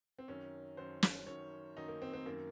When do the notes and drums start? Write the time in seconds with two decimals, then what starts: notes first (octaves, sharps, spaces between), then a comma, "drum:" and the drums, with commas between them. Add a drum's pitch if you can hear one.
0.18 C4
0.28 F#2 D#3 C#4
0.77 F#2 D#3 C5
1.03 drum: snare
1.27 F#2 D#3 C#5
1.77 F#2 D#3 D#4
1.88 A#3
2.02 C4
2.13 C4
2.26 F#2 D#3 A#3